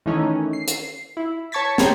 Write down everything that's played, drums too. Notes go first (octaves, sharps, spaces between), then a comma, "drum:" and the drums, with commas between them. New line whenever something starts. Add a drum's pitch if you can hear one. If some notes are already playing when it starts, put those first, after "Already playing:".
D#3 E3 A3 C#4 D#4 E4
C7
drum: hi-hat
E4
C#5 A5 C#6 G#6 A6 B6
G#4 A#4 C5 C#5 G5 G#5, drum: snare